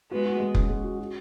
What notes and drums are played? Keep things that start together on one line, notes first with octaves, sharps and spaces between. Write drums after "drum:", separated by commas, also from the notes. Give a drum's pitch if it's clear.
G#3 B3 F#4
F#4
G#3
C#4, drum: kick F1
G#3
F#4
F#4